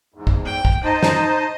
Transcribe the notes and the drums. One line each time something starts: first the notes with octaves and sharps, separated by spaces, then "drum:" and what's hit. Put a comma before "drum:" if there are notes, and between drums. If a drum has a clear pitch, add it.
E2 G#2
drum: kick
G5
drum: kick
D#4 C5 D#5 A5
drum: snare